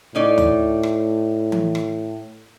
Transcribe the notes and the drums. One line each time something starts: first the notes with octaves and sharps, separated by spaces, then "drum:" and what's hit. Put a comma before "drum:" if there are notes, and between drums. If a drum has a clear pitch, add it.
A2 C#4 D#4 D5
drum: tom D2
drum: rim click
drum: tom E3
drum: rim click